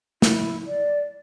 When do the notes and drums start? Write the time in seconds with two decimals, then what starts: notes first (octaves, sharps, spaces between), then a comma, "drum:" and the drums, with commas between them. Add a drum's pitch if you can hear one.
0.22 E4, drum: snare
0.67 D5